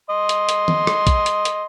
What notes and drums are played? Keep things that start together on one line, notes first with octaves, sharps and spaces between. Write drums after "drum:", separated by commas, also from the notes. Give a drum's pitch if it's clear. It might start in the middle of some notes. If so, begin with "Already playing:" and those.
D#5 C6
drum: hi-hat
drum: hi-hat
drum: tom D#3
drum: rim click
drum: kick, hi-hat
drum: hi-hat
drum: hi-hat